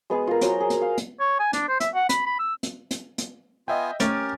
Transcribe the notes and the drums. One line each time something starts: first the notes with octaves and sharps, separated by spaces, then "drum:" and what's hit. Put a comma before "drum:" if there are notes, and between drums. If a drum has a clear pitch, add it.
G#3 B3 G#4
F4 A#4
F#3 C5 A#5 C6, drum: hi-hat
G#4
drum: hi-hat
F5
drum: hi-hat
C#5
G#5
D4, drum: hi-hat
C5
E5, drum: hi-hat
F#5
B5, drum: hi-hat
B5
E6
drum: hi-hat
drum: hi-hat
drum: hi-hat
B3 F4 D#5 E5 G5 G#5
D#3 A3 C#4 G4 A#4 D6 A6 D7, drum: hi-hat